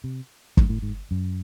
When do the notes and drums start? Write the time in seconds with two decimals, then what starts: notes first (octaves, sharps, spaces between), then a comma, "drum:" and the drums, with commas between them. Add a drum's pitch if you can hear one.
0.04 C3
0.57 G#2, drum: kick
0.69 A2
0.82 G#2
1.11 F#2